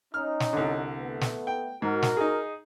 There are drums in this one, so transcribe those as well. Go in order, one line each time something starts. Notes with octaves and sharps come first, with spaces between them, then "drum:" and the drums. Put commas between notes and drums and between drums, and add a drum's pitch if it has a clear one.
C#4 D#4 F6
drum: snare
C2 D3
A3 B3
drum: snare
G5
G#2 F#4 A#4
drum: snare
D#4 G#4